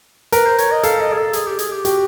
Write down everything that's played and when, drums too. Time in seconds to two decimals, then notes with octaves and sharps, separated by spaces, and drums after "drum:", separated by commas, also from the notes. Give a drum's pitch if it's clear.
0.32 A#4 B4, drum: hi-hat
0.46 C5
0.58 C#5, drum: hi-hat
0.71 D#5
0.83 A4 F5, drum: hi-hat
1.00 D#5
1.12 G#4
1.17 A4
1.33 G#4, drum: hi-hat
1.46 G4
1.59 G#4, drum: hi-hat
1.72 G4
1.85 F#4 G4, drum: hi-hat